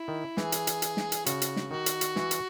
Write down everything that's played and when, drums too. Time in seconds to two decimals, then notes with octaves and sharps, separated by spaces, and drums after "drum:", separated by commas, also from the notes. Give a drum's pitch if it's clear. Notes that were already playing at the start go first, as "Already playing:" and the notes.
Already playing: E4
0.08 D#3
0.37 E3 G#4, drum: snare
0.52 drum: hi-hat
0.67 drum: hi-hat
0.82 drum: hi-hat
0.97 drum: snare
1.12 drum: hi-hat
1.26 C#3 F#4, drum: hi-hat
1.42 drum: hi-hat
1.56 drum: snare
1.71 D#3 F#4
1.86 drum: hi-hat
2.01 drum: hi-hat
2.16 E3, drum: snare
2.31 drum: hi-hat